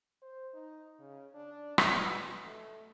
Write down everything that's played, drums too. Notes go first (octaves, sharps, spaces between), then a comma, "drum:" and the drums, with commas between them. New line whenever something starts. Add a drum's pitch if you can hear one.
C5
D#4
C#3
D4
B2, drum: rim click
A3